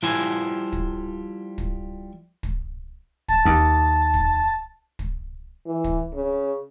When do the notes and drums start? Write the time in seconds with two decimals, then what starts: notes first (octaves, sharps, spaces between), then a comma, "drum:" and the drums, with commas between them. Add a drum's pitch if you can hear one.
0.03 F3 G3 E4 C5 G#5
0.73 drum: kick
1.58 drum: kick
2.43 drum: kick
3.28 A5, drum: kick
3.45 D#2
4.14 drum: kick
4.99 drum: kick
5.66 E3
5.84 drum: kick
6.13 C#3